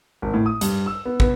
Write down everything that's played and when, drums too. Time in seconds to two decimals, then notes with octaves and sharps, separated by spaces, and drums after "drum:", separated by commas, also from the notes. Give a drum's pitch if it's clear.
0.22 G#1
0.34 A2
0.46 D#6
0.61 G2, drum: hi-hat
0.86 E6
1.05 B3
1.20 B3, drum: kick